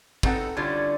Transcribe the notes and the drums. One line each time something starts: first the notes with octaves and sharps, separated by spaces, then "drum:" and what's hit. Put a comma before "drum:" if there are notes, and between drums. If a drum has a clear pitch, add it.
B3 C4 D#4 A4 B4 F#5, drum: kick
D3 G3 C#4 D4 E4 F4